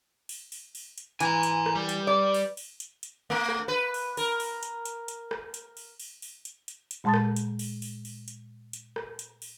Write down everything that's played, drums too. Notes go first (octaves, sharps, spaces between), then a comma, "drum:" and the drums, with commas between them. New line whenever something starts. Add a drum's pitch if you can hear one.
drum: open hi-hat
drum: open hi-hat
drum: open hi-hat
drum: hi-hat
E3 G#5 A#5, drum: hi-hat
drum: hi-hat
drum: rim click
G3
drum: hi-hat
D5
drum: open hi-hat
drum: open hi-hat
drum: hi-hat
drum: hi-hat
A3
drum: rim click
B4
drum: open hi-hat
A#4, drum: open hi-hat
drum: open hi-hat
drum: hi-hat
drum: hi-hat
drum: hi-hat
drum: rim click
drum: hi-hat
drum: open hi-hat
drum: open hi-hat
drum: open hi-hat
drum: hi-hat
drum: hi-hat
drum: hi-hat
A#2 G#3 A5 C6 D#6 A6
drum: rim click
drum: hi-hat
drum: open hi-hat
drum: open hi-hat
drum: open hi-hat
drum: hi-hat
drum: hi-hat
drum: rim click
drum: hi-hat
drum: open hi-hat